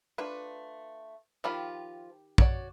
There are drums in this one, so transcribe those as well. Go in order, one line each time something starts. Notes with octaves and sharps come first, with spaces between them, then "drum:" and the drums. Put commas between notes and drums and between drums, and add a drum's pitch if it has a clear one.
A3 D4 F4 B4
D#3 F3 F4 G4 B5
F#4 C#5 D5, drum: kick